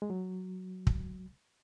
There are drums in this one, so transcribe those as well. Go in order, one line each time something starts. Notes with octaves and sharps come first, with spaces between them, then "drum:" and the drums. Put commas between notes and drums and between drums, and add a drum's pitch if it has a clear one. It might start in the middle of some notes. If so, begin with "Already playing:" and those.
G#3
F#3
drum: kick